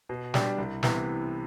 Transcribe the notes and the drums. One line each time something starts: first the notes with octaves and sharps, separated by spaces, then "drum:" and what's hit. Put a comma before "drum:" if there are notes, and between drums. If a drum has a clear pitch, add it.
B2
G3 D4 G4, drum: snare
C2
C3 E3 B3, drum: snare